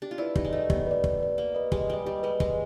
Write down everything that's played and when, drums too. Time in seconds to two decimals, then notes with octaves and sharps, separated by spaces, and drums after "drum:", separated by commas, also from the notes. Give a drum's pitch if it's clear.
0.02 D4 G4
0.11 F4
0.18 E4 B4 D5
0.36 D#4 G4, drum: kick
0.45 G#3
0.53 A3 B4 D5
0.70 B3 G4, drum: kick
0.87 B4 D5
1.04 G4, drum: kick
1.21 B4 D5
1.38 A#3 G4
1.54 B4 D#5
1.72 G#3 G4, drum: kick
1.89 G3 B4 D#5
2.06 G3 G4
2.23 G#3 B4 D#5
2.40 G#3 G4, drum: kick